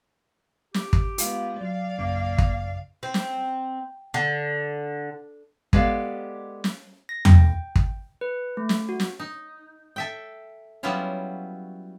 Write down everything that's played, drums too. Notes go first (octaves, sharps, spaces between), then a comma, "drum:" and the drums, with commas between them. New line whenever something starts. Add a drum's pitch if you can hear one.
G4, drum: snare
drum: kick
G#3 B3 F4 F5, drum: hi-hat
F#3 D5 F5
A#1 F#2 C#3 A#3
drum: kick
C4
drum: snare
D3
G#3 B3 G4 A4 D5 F5, drum: kick
drum: snare
A#6
G5, drum: tom E2
drum: kick
B4
A3
drum: snare
F#4
drum: snare
D#4
A4 E5 G5
F#3 G3 B3 C#4 E4 F4